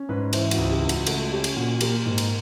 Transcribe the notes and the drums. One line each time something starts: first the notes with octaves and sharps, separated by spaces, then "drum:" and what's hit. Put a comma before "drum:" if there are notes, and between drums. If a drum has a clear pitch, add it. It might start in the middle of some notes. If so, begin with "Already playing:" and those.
Already playing: C#4
G#2 B4
E3 C5, drum: cymbal
F#4, drum: cymbal
C#2
G4
C#2
F#4, drum: cymbal
A3 F#4, drum: cymbal
C#4 G4
drum: cymbal
A#2 F#4
A#3 G4, drum: cymbal
G#2
drum: cymbal